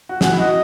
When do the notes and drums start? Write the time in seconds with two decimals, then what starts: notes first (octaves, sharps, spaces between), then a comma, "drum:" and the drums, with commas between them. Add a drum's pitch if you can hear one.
0.09 F#4
0.21 G#4 F#5, drum: snare
0.33 E4
0.38 F#4 D#5